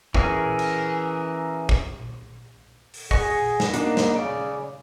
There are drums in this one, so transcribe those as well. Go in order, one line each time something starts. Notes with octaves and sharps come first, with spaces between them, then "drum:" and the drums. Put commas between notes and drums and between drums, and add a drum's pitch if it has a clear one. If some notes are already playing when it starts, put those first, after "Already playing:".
E3 C#4 G#4 A#4, drum: kick
drum: cymbal
drum: kick
drum: open hi-hat
G#4 D#5 F#5 C#6, drum: kick
drum: snare
A#3 D4 D#4 F#4, drum: hi-hat
drum: snare
C#3 D5